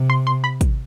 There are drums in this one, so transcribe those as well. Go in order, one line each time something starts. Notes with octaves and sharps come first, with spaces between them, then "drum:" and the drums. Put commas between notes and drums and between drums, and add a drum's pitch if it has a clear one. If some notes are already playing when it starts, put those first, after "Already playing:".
Already playing: C3
C6
C6
B5
drum: kick, hi-hat